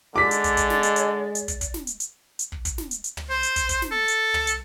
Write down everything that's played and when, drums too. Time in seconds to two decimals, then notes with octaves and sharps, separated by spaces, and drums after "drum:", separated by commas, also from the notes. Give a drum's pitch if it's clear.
0.16 D3 G#3 D5 D6 B6
0.31 drum: hi-hat
0.44 drum: kick, hi-hat
0.57 drum: kick, hi-hat
0.70 drum: snare
0.83 drum: hi-hat
0.96 drum: hi-hat
1.35 drum: hi-hat
1.48 drum: kick, hi-hat
1.61 drum: kick, hi-hat
1.74 drum: snare
1.87 drum: hi-hat
2.00 drum: hi-hat
2.39 drum: hi-hat
2.52 drum: kick
2.65 drum: kick, hi-hat
2.78 drum: snare
2.91 drum: hi-hat
3.04 drum: hi-hat
3.17 drum: tom
3.30 C5
3.43 drum: hi-hat
3.56 drum: kick, hi-hat
3.69 drum: kick, hi-hat
3.82 drum: snare
3.91 A4
4.08 drum: hi-hat
4.34 drum: tom
4.47 drum: hi-hat